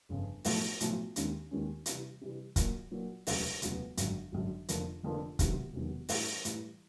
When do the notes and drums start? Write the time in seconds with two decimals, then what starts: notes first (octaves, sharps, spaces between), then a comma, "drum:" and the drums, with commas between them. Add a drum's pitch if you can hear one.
0.09 G1 F2 C#3
0.44 B1 A2 F3 A3, drum: open hi-hat
0.80 B1 A2 F3 A3, drum: hi-hat
1.16 D#2 D#3 G#3 C#4, drum: hi-hat
1.51 D#2 D#3 G#3 C#4
1.86 C3 E3 G3, drum: hi-hat
2.21 C3 E3 G3
2.56 A#2 F#3 A#3, drum: kick, hi-hat
2.91 A#2 F#3 A#3
3.27 E1 D2 C#3 F#3 B3, drum: open hi-hat
3.62 E1 D2 C#3 F#3 B3, drum: hi-hat
3.97 G#1 F#2 D3, drum: hi-hat
4.32 G#1 F#2 D3
4.69 F1 F2 D3 F3 A#3, drum: hi-hat
5.03 F1 F2 D3 F3 A#3
5.39 E1 E2 C3 D#3 F#3, drum: kick, hi-hat
5.73 E1 E2 C3 D#3 F#3
6.09 A2 E3 G3, drum: open hi-hat
6.45 A2 E3 G3, drum: hi-hat